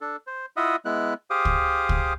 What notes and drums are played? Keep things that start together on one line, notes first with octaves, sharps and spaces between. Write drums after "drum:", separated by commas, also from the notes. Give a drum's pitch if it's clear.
D4 A4
C5
E4 F4 D#5 E5 F#5 D#6
G#3 B3 E4 F#6
G4 G#4 C5 F5 D6 D#6
drum: kick
drum: kick